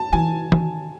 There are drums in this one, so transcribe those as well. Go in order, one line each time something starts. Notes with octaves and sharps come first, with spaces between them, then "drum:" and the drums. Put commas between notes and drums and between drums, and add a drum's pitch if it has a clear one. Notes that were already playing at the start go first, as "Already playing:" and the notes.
Already playing: A5
E3 G#5
D#3, drum: tom